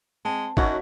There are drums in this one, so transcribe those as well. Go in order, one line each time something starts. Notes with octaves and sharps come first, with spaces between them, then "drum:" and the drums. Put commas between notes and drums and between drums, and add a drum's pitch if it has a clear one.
G#3 C4 A5
F#2 F#3 D#4 F#4 C#5 E5, drum: kick